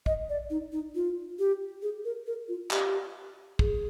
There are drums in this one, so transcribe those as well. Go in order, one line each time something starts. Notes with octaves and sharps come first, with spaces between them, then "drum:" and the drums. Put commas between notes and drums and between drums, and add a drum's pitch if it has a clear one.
D#5, drum: kick
D5
D#4
D#4
F4
G4
G#4
A#4
A#4
F4
G4, drum: clap
G#4, drum: kick